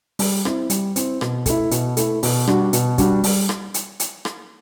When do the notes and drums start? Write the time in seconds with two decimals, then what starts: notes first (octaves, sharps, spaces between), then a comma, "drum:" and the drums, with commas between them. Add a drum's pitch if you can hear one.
0.19 G3, drum: open hi-hat
0.45 C4 E4, drum: rim click
0.70 G3, drum: hi-hat
0.96 C4 E4, drum: hi-hat
1.21 B2, drum: rim click
1.46 A3 E4, drum: kick, hi-hat
1.71 B2, drum: hi-hat
1.97 A3 E4, drum: hi-hat
2.23 B2, drum: open hi-hat
2.47 G3 D4 F#4, drum: rim click
2.73 B2, drum: hi-hat
2.98 G3 D4 F#4, drum: kick, hi-hat
3.24 G3, drum: open hi-hat
3.49 drum: rim click
3.74 drum: hi-hat
4.00 drum: hi-hat
4.25 drum: rim click